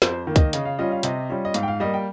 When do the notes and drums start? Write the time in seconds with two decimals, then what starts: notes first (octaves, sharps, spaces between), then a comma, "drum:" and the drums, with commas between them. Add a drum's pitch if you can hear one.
0.02 F2 C5, drum: snare
0.27 D#3 A#3
0.36 D#5, drum: kick, hi-hat
0.53 C#3 D#5, drum: hi-hat
0.65 F5
0.79 G3 C#4 F4 D#5
0.92 F5
1.03 C3 D#5, drum: hi-hat
1.30 G3 C#4 F4
1.45 D#5
1.54 G#2 F5, drum: hi-hat
1.63 G5
1.68 F5
1.80 G3 A#3 D#5
1.94 G5